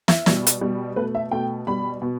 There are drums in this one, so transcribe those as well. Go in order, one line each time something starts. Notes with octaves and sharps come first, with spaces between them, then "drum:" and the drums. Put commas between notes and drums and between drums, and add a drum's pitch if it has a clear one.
E5, drum: snare
B2 G3, drum: snare
drum: hi-hat
B2 G3
B2 A3 B4
E5
B2 A3 G5
B2 G3 B5
B2